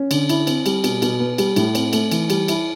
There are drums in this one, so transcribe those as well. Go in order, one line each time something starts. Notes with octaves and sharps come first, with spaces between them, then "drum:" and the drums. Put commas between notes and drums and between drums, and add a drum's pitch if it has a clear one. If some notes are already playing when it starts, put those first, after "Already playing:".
Already playing: C#4
D3, drum: cymbal
E4, drum: cymbal
C4, drum: cymbal
G3, drum: cymbal
B2, drum: cymbal
B2, drum: cymbal
B3
G3, drum: cymbal
A2, drum: cymbal
C4, drum: cymbal
A3, drum: cymbal
E3, drum: cymbal
G3, drum: cymbal
E4, drum: cymbal